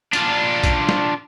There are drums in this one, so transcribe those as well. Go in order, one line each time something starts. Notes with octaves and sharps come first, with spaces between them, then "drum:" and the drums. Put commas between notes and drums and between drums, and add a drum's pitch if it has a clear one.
D4 F4, drum: hi-hat
drum: kick A#1, hi-hat
drum: snare